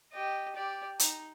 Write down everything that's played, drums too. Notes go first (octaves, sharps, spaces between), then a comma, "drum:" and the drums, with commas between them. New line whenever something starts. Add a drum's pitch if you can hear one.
G4 D#5
G4 D5
D#4, drum: hi-hat